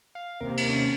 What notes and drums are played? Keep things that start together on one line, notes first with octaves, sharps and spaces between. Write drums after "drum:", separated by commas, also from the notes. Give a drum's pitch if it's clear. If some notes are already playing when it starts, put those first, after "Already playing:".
F5
D#2 C3 A#4
drum: cymbal
C#4